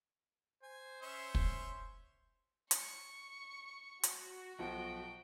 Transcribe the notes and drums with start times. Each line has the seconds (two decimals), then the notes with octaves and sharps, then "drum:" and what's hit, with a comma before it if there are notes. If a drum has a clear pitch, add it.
0.63 C5 G#5
1.02 C#4 E5 C6
1.35 drum: kick
2.71 C#6, drum: hi-hat
4.03 F#4, drum: hi-hat
4.59 B1 F3 F#5 G5